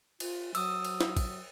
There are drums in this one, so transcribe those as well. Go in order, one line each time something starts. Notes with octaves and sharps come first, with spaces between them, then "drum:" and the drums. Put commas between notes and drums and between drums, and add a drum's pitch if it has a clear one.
F4, drum: cymbal
F#3 D#6 E6, drum: cymbal
drum: cymbal
drum: snare
drum: kick, cymbal